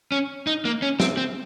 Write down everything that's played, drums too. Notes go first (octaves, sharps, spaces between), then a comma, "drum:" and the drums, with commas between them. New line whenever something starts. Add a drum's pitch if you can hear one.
C#4
D#4
A#3
C#4
C4, drum: snare
C4